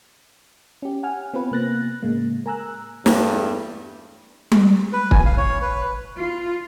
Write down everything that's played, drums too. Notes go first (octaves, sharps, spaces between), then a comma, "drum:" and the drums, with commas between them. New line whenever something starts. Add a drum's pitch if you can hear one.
C#4 G4
F#5 G#5 F6
B3 C4 F4 B4
C3 A#3 F#6 A6 A#6
A2 C#3 G#3 A#3
A#4 G#5 A#5 E6 F#6
E2 G2 A3, drum: snare
drum: tom G3
B4
G#5, drum: kick
F5
C#5
B4
F4